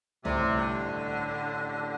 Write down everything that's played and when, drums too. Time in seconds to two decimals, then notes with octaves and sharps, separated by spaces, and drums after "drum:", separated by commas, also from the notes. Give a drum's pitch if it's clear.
0.25 A1 A2 C3 G3, drum: tom
0.57 D3